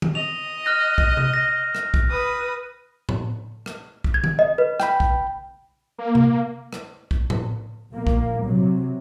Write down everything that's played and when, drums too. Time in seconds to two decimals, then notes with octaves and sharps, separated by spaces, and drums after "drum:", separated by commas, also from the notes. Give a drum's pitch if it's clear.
0.02 drum: tom D#3
0.15 D#5 F7
0.66 F6 F#6 A#6
0.98 drum: kick
1.17 drum: tom C3
1.34 A#6
1.75 drum: rim click
1.94 drum: kick
2.10 B4 D#6
3.09 drum: tom A2
3.66 drum: rim click
4.04 drum: kick
4.14 G#6
4.24 drum: tom D#3
4.39 D#5
4.58 B4
4.80 G5 B5, drum: rim click
5.00 drum: kick
5.99 A#3
6.15 drum: tom C3
6.73 drum: rim click
7.11 drum: kick
7.30 drum: tom A2
7.92 A#1 A#3
8.07 drum: kick
8.45 C3 F#3